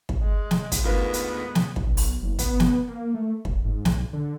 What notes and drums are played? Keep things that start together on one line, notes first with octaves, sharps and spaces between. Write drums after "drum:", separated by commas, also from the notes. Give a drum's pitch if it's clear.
drum: kick
G#3
drum: snare
drum: kick, hi-hat
D2 G#2 B3 F4 A#4 B4
drum: hi-hat
drum: snare
drum: kick
B1
drum: open hi-hat
F#1
B3, drum: kick, hi-hat
drum: snare
A#3
A3
E1, drum: kick
G#2
B1, drum: snare
D3